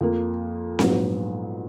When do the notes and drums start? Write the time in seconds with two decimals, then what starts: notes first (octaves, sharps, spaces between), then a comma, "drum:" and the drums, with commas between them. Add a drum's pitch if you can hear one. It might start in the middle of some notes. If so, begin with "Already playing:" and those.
0.01 F2 F3 A#3
0.79 A#1 G#2 F#3 B3, drum: snare C4